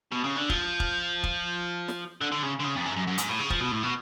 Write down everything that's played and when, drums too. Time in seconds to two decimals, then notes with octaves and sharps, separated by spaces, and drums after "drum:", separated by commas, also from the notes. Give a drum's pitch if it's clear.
0.12 B2
0.24 C#3
0.37 D3
0.50 F3, drum: kick
0.80 drum: kick
1.24 drum: kick
1.88 drum: snare
2.21 D3
2.32 D3
2.43 C#3
2.59 D3
2.64 C#3
2.76 F2
2.85 F#2
2.96 F#2
3.07 F#2
3.18 G#2, drum: hi-hat
3.29 A2
3.39 C#3
3.50 F3, drum: kick
3.60 B2
3.72 A2
3.83 B2